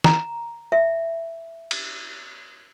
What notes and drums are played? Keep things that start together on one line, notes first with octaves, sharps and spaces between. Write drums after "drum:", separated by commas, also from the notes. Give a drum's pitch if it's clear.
A#5, drum: snare
E5
drum: cymbal